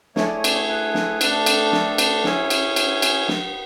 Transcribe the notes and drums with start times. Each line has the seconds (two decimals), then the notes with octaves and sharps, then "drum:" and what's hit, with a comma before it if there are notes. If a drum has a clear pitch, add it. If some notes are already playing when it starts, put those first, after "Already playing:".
0.16 A3 E4 G#4 C#5, drum: snare
0.26 D5
0.35 C#5
0.44 D5, drum: cymbal
0.53 C#5
0.69 B4
0.94 drum: snare
1.21 A3 D4 A4, drum: cymbal
1.46 drum: cymbal
1.72 drum: snare
1.98 drum: cymbal
2.24 C#4 E4 G#4, drum: snare
2.50 drum: cymbal
2.76 drum: cymbal
3.02 drum: cymbal
3.28 drum: snare